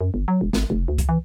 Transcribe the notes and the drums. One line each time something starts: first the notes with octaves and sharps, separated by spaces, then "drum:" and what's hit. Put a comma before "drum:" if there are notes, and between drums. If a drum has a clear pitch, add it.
F#2
G1
F#3
E1
G#1, drum: snare
F1
D2
drum: kick C2, hi-hat
E3